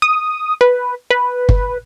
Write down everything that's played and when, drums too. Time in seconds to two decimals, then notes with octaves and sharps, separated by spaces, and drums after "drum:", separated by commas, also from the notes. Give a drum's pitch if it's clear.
0.02 D#6
0.61 B4
1.11 B4
1.49 drum: kick